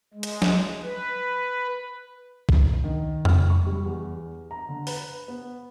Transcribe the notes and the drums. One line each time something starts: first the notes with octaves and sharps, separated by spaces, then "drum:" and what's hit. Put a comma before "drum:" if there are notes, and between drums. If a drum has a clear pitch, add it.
G#3
drum: hi-hat
drum: snare
B4
drum: kick
D#3
F6, drum: tom F2
C#6
G3
E2
A#5
D3
B4, drum: open hi-hat
B3